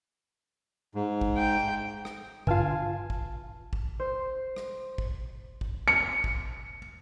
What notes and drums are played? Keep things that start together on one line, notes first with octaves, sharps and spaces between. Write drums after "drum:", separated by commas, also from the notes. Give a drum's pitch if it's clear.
G#2
drum: kick
G5
drum: rim click
G1 F4 G#5 A5 F6, drum: kick
drum: kick
drum: kick
C5
drum: rim click
drum: kick
drum: kick
C#7
drum: kick